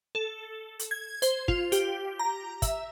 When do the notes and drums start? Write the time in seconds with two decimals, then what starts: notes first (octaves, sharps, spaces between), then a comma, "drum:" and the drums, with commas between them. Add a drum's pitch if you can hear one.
0.15 A4
0.79 drum: hi-hat
0.91 G#6
1.22 C5, drum: hi-hat
1.48 F4, drum: kick
1.72 G4, drum: hi-hat
2.19 A#5
2.62 E5, drum: kick, hi-hat